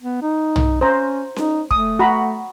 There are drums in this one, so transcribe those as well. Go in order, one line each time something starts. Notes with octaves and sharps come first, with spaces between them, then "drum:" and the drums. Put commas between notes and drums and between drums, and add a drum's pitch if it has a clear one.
B3
D#4
drum: tom
C#4 C5 A#5
D#4, drum: snare C#4
A3 D#6, drum: kick
F#4 A#5 B5